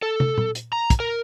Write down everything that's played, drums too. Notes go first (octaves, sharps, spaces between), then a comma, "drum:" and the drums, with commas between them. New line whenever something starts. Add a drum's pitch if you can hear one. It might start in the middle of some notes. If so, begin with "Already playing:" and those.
A4
drum: tom
drum: tom A#2
drum: hi-hat
A#5
drum: kick, hi-hat
A#4